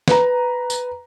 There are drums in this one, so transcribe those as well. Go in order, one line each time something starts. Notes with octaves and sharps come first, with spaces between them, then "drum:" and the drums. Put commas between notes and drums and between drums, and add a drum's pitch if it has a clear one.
B4 A#5, drum: snare
drum: tambourine